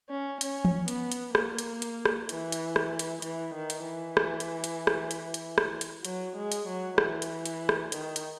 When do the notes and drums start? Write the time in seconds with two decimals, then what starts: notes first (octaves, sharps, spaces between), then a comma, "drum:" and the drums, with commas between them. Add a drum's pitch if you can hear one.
0.10 C#4
0.41 C#4, drum: hi-hat
0.65 drum: tom E3
0.88 B3, drum: hi-hat
1.12 drum: hi-hat
1.35 A#3, drum: rim click
1.59 drum: hi-hat
1.82 drum: hi-hat
2.05 drum: rim click
2.29 E3, drum: hi-hat
2.52 drum: hi-hat
2.76 drum: rim click
2.99 drum: hi-hat
3.22 E3, drum: hi-hat
3.54 D#3
3.70 drum: hi-hat
3.85 E3
4.17 drum: rim click
4.40 drum: hi-hat
4.64 drum: hi-hat
4.87 drum: rim click
5.11 drum: hi-hat
5.34 drum: hi-hat
5.58 drum: rim click
5.81 drum: hi-hat
6.05 F#3, drum: hi-hat
6.36 G#3
6.52 drum: hi-hat
6.68 F#3
6.98 E3, drum: rim click
7.22 drum: hi-hat
7.46 drum: hi-hat
7.69 drum: rim click
7.92 D#3, drum: hi-hat
8.16 drum: hi-hat